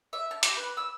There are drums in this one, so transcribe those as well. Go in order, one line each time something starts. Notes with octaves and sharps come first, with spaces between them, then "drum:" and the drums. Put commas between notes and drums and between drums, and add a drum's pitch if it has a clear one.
E5
A5
G4, drum: hi-hat
B4
E6